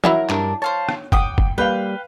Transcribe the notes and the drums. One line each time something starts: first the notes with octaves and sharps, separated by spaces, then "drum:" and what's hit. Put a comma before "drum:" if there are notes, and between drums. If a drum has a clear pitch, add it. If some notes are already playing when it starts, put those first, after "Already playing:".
F#3 E4 A#4 E5, drum: tom
G2 D4 A#4, drum: clap
C5 C#5 F5 A5
drum: rim click
F#5 G5 D6 D#6, drum: kick
drum: kick
G3 A#3 B4 F5 G5